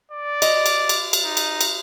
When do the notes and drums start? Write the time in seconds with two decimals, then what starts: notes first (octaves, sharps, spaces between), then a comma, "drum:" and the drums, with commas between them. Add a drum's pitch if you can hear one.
0.12 D5
0.42 D#5, drum: cymbal
0.66 drum: cymbal
0.89 drum: cymbal
1.13 drum: cymbal
1.24 D#4
1.37 drum: cymbal
1.61 drum: cymbal